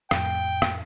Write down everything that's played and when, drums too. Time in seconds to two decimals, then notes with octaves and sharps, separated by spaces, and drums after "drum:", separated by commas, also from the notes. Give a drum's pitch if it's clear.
0.11 F2 A2 G5, drum: rim click
0.62 drum: rim click